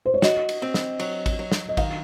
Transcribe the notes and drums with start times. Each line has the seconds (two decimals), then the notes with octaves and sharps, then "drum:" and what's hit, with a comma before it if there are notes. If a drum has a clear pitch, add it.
0.06 C5
0.14 C#5
0.22 F#4 D#5, drum: snare
0.49 drum: cymbal
0.62 C4
0.74 drum: snare
1.00 F#3, drum: cymbal
1.26 drum: kick A1, cymbal
1.39 F#3
1.52 drum: snare
1.69 D#5
1.77 D#3 F5, drum: kick A1, cymbal